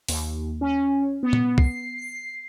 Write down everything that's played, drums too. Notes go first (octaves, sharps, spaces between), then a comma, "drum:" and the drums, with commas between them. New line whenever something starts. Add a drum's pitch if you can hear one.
D#2, drum: open hi-hat
C#4
B3
drum: tom A#2
C7, drum: kick
C7